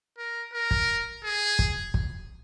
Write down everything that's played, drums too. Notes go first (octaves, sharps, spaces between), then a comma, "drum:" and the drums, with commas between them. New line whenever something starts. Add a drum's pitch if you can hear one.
A#4
A#4
drum: kick
G#4
drum: kick
drum: kick